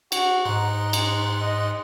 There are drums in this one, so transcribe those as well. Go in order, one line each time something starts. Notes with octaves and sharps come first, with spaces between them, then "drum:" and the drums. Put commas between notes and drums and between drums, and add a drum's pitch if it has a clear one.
F#4, drum: cymbal
G#2 D#4 C6 F#6
drum: cymbal
D#5